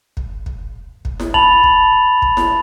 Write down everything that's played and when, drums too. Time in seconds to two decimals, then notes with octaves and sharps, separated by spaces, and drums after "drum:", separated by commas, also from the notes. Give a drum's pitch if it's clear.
0.17 drum: kick
0.46 drum: kick
1.05 drum: kick
1.20 drum: snare E4
1.34 A5 B5 A6 F7 F#7, drum: kick
1.64 drum: kick
2.22 drum: kick
2.37 drum: snare E4